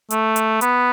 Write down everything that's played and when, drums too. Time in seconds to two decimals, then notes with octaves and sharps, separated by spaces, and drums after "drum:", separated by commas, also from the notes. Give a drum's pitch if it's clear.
0.10 A3, drum: hi-hat
0.36 drum: hi-hat
0.61 B3, drum: hi-hat